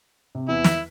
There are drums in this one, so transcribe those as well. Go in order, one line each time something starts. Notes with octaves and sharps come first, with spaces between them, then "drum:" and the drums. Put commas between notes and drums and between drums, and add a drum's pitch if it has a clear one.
C3
E2 E4
B6, drum: snare